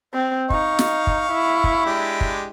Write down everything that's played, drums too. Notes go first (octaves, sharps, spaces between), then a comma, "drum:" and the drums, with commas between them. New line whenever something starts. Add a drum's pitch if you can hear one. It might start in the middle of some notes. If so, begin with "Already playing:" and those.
C4
D#4 F5 C#6, drum: kick
drum: snare
drum: kick
E4
drum: kick
G#3 D4 G4
drum: kick